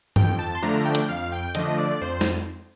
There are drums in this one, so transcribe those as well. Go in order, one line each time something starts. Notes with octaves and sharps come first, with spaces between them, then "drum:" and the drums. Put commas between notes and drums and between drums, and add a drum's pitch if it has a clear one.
F2 G5, drum: tom G2
A5
C6
D3 F3 A3 D4 A#5
G5
drum: hi-hat
F2 F5
G5
D3 F3 A3 D4 D#5, drum: hi-hat
D5
F2 C5
drum: snare